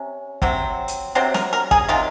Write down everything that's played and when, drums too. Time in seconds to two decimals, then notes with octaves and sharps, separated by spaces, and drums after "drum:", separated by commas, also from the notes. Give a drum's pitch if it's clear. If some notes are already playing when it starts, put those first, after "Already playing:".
Already playing: C3 C#4
0.42 C3 F#3 C4, drum: kick
0.88 drum: hi-hat
1.15 C3 F#3 C4 C5
1.34 A#4, drum: snare
1.53 A#4
1.71 G#4, drum: kick
1.89 C3 D#3 F#3 F4